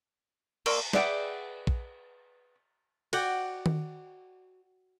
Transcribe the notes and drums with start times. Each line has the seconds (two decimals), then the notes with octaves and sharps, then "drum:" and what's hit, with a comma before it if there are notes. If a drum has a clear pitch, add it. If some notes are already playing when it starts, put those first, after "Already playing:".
0.66 A#3 D5 C6 C#6 E6, drum: cymbal
0.93 G#4 B4 D5 E5 F#5 G5, drum: snare
1.67 drum: kick
3.13 F#4 D5 F#5 G5, drum: cymbal
3.66 drum: tom D#3